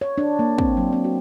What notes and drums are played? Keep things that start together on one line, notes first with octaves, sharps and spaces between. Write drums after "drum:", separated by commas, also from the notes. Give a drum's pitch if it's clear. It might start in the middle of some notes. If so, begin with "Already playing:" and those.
C#5
D4
A#3
C4, drum: kick
F#3
C4
F#4